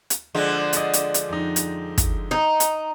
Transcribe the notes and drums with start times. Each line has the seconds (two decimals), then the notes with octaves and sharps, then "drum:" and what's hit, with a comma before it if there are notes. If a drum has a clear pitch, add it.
0.10 drum: hi-hat
0.35 D3 F3 G#3
0.73 D5 D#5, drum: hi-hat
0.93 drum: hi-hat
1.14 drum: hi-hat
1.29 F2 D#4
1.56 drum: hi-hat
1.98 drum: kick, hi-hat
2.31 D#4
2.60 drum: hi-hat